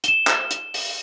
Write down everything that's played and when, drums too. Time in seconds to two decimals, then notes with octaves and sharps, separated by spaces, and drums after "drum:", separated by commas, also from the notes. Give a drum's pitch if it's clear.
0.04 E7 G7, drum: hi-hat
0.27 drum: clap
0.51 drum: hi-hat
0.74 drum: open hi-hat